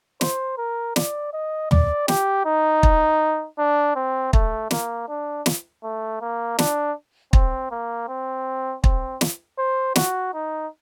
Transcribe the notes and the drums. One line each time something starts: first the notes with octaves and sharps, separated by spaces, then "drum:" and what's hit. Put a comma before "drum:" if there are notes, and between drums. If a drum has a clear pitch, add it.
C5, drum: snare
A#4
D5, drum: snare
D#5
D5, drum: tom
G4, drum: snare
D#4
drum: kick
D4
C4
A3, drum: kick
A#3, drum: snare
D4
drum: snare
A3
A#3
D4, drum: snare
C4, drum: kick
A#3
C4
C4, drum: kick
drum: snare
C5
F#4, drum: snare
D#4